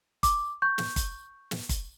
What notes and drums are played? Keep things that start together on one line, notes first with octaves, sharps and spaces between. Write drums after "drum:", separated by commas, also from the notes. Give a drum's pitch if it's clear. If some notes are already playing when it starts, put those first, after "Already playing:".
D6, drum: kick, hi-hat
C#6 G6
drum: snare
drum: kick, hi-hat
drum: snare
drum: kick, hi-hat